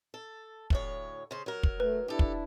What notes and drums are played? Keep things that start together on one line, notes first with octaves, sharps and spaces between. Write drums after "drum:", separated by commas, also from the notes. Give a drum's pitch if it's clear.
A4
D2 A2 C#5, drum: kick
C#3 C5
F#3 A#4
drum: kick
A3 B4
D4 E4 G4 A4
drum: kick